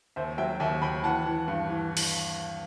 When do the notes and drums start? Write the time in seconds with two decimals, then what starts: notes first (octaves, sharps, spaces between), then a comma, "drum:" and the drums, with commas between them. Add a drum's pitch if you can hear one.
0.16 D#2 C5 E5
0.38 F#3 E5 G5
0.60 D#2 E5 G5
0.82 D#2 G5 B5
1.04 E3 F#5 A5
1.26 E3
1.48 G2
1.69 E3
1.97 drum: open hi-hat